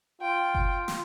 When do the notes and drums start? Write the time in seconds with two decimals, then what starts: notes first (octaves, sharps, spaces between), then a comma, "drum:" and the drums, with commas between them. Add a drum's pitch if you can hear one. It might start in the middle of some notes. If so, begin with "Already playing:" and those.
0.21 F4 G5
0.55 drum: kick F#1
0.88 drum: snare